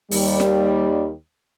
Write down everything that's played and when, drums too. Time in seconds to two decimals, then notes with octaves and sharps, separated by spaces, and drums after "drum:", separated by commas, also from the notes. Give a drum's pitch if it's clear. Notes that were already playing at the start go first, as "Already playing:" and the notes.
0.11 D#2 G3, drum: open hi-hat
0.40 drum: snare